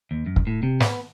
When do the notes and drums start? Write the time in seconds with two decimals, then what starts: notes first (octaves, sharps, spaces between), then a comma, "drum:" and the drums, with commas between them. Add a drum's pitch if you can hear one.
0.11 D#2
0.26 F#2
0.36 drum: kick
0.47 A2
0.63 C3
0.80 B3, drum: snare